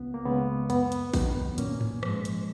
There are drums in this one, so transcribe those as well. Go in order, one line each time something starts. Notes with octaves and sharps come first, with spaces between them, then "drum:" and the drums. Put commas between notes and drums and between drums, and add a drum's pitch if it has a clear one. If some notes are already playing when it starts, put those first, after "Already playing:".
Already playing: C#2 B3
A#3
C#3 G#3 B3
F#2 B3, drum: hi-hat
drum: hi-hat
D#3 F#3, drum: kick, open hi-hat
A#2 A#3 C#4, drum: hi-hat
drum: tom G2
F3 G#3, drum: rim click
drum: hi-hat